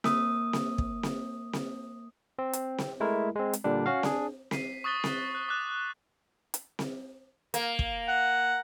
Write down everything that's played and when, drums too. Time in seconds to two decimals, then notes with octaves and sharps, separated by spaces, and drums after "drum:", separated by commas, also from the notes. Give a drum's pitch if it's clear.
0.04 A#3 D#6, drum: snare C4
0.53 drum: snare C4
0.78 drum: kick
1.03 drum: snare C4
1.53 drum: snare C4
2.39 C4
2.53 drum: hi-hat
2.78 drum: snare C4
3.00 G#3 A3 E4 A#4
3.35 G#3 C4
3.53 drum: hi-hat
3.64 A#2 D3 G3 D4
3.86 C#4 F#4 F5
4.03 D4 G#4, drum: snare C4
4.51 B6 C7 D#7, drum: snare C4
4.84 C#6 D#6 F#6 A6 B6 G7
5.04 drum: snare C4
5.35 F#6
5.49 D6 F#6
6.54 drum: hi-hat
6.79 drum: snare C4
7.54 A#3, drum: hi-hat
7.79 drum: kick
8.08 F#5